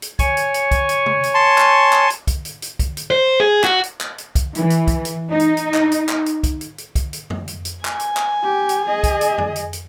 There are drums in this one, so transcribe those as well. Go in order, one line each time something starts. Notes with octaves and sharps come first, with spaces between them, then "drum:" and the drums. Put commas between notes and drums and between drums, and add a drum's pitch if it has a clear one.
drum: hi-hat
C#5 G#5 C#6, drum: kick, hi-hat
drum: hi-hat
drum: hi-hat
drum: kick, hi-hat
drum: hi-hat
drum: tom
drum: hi-hat
A5 C6
drum: clap
drum: clap
drum: hi-hat
drum: kick, hi-hat
drum: hi-hat
drum: hi-hat
drum: kick, hi-hat
drum: hi-hat
C5
G#4
F#4, drum: clap
drum: hi-hat
drum: clap
drum: hi-hat
drum: kick, hi-hat
E3, drum: hi-hat
drum: hi-hat
drum: kick, hi-hat
drum: hi-hat
D#4
drum: hi-hat
drum: hi-hat
drum: clap
drum: hi-hat
drum: clap
drum: hi-hat
drum: kick, hi-hat
drum: hi-hat
drum: hi-hat
drum: kick, hi-hat
drum: hi-hat
drum: tom F2
drum: hi-hat
drum: hi-hat
G#5, drum: clap
drum: hi-hat
drum: clap
G4
drum: hi-hat
G#4 D#5
drum: kick, hi-hat
drum: hi-hat
drum: tom F2
drum: hi-hat
drum: hi-hat